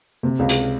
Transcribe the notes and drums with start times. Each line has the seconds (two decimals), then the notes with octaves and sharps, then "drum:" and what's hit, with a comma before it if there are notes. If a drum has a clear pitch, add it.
0.23 C3
0.39 C#2
0.49 drum: hi-hat